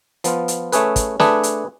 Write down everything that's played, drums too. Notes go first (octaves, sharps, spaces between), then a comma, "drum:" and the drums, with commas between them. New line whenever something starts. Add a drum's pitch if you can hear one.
F3 B3 F4, drum: hi-hat
drum: hi-hat
A3 C#4 G#4 B4, drum: hi-hat
drum: kick, hi-hat
A3 D4 G#4 B4, drum: snare
drum: hi-hat